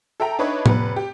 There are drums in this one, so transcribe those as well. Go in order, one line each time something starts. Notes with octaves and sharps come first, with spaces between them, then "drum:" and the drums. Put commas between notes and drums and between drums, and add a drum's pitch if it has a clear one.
A4 E5 G5 A#5
D4 D#4 B4 C#5 D#5 E5
F1 B4, drum: tom A2
G4